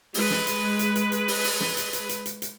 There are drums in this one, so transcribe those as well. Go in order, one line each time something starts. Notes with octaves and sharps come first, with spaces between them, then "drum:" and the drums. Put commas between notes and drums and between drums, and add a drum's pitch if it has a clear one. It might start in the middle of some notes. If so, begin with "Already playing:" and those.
G#3 B4, drum: open hi-hat
drum: snare
drum: hi-hat
drum: hi-hat
drum: hi-hat
drum: hi-hat
drum: open hi-hat
drum: open hi-hat
drum: snare
drum: hi-hat
drum: hi-hat
drum: hi-hat
drum: hi-hat
drum: hi-hat